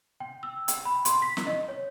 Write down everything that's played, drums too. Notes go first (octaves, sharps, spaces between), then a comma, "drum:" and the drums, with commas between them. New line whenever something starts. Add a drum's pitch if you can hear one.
G5
E6
G5, drum: hi-hat
B5
C6, drum: hi-hat
B6
drum: snare
D#5
C#5